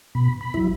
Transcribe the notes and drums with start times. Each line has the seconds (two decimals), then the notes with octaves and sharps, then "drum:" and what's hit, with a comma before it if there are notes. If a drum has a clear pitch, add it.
0.15 B2 B5
0.41 B5
0.54 F#3 E4, drum: kick